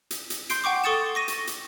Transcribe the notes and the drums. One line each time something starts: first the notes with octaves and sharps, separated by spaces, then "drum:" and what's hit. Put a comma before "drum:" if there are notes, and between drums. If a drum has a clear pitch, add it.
drum: hi-hat
drum: hi-hat
C6 G6 C7 D7, drum: hi-hat
F#5 G5 C#6 D6
A4 C#6 D#6 A6 C#7 E7
C#6 A#6 D#7
drum: hi-hat
drum: hi-hat